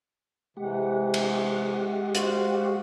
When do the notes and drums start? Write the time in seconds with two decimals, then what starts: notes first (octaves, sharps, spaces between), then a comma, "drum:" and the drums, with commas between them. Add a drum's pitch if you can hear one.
0.57 C3 E3 G#3 G4 F#5
1.14 drum: cymbal
2.15 F#4 C5 F5, drum: hi-hat